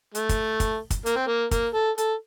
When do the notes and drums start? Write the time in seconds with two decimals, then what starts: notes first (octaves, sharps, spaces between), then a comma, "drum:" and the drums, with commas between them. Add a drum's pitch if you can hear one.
0.15 A3, drum: hi-hat
0.29 drum: kick, hi-hat
0.60 drum: kick, hi-hat
0.90 drum: kick, hi-hat
1.06 A#3, drum: hi-hat
1.16 C4
1.27 A#3
1.51 A#3, drum: kick, hi-hat
1.74 A4
1.98 A4, drum: hi-hat